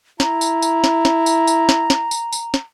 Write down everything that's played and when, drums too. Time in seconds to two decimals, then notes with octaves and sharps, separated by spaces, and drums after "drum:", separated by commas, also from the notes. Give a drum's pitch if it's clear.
0.20 E4 A#5, drum: snare
0.41 drum: tambourine
0.62 drum: tambourine
0.84 drum: snare
1.05 drum: snare
1.26 drum: tambourine
1.47 drum: tambourine
1.69 drum: snare
1.90 drum: snare
2.11 drum: tambourine
2.33 drum: tambourine
2.54 drum: snare